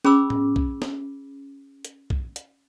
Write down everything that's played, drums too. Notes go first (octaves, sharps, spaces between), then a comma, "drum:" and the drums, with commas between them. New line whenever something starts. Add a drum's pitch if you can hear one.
C#4 G#4 B5 D6 E6, drum: snare
drum: tom A2
drum: kick
drum: snare
drum: hi-hat
drum: kick
drum: hi-hat